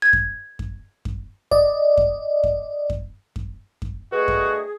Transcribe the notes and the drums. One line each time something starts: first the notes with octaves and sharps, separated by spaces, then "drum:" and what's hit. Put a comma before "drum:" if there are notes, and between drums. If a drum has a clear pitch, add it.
G#6
drum: kick F#2
drum: kick F#2
drum: kick F#2
D5 D#5, drum: kick F#2
drum: kick F#2
drum: kick F#2
drum: kick F#2
drum: kick F#2
drum: kick F#2
G2 A3 F#4 G#4 B4 D#5
drum: kick F#2